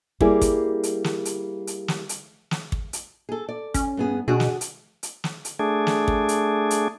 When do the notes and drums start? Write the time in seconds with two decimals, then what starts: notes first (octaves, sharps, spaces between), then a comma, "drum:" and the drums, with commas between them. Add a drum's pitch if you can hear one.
0.21 G3 A#3 E4 G#4 D5, drum: kick
0.41 drum: kick, hi-hat
0.83 drum: hi-hat
1.04 drum: snare
1.25 drum: hi-hat
1.67 drum: hi-hat
1.88 drum: snare
2.09 drum: hi-hat
2.51 drum: snare
2.72 drum: kick
2.93 drum: hi-hat
3.29 G#4 A4
3.49 D5
3.74 C#4, drum: kick, hi-hat
3.97 G2 B3 G#4
4.28 B2 D4 F#4 G#4
4.40 drum: snare
4.61 drum: hi-hat
5.03 drum: hi-hat
5.24 drum: snare
5.45 drum: hi-hat
5.59 A3 D4 G#4
5.87 drum: snare
6.08 drum: kick
6.29 drum: hi-hat
6.70 drum: hi-hat